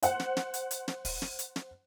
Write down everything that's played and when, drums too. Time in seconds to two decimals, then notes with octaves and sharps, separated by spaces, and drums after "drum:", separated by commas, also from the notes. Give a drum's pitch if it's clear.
0.03 C5 F#5, drum: hi-hat
0.20 drum: snare
0.37 drum: snare
0.54 drum: hi-hat
0.71 drum: hi-hat
0.88 drum: snare
1.05 drum: kick, open hi-hat
1.22 drum: snare
1.39 drum: hi-hat
1.56 drum: snare